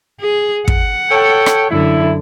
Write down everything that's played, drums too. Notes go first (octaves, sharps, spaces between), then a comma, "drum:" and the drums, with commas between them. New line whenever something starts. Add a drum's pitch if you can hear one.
G#4
F#5, drum: kick
A4 C#5 G5
drum: rim click
F#2 D3 E4